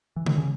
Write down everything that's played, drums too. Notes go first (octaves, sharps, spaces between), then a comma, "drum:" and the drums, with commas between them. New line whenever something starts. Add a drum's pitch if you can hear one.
E3
D#3, drum: tom C3
C#3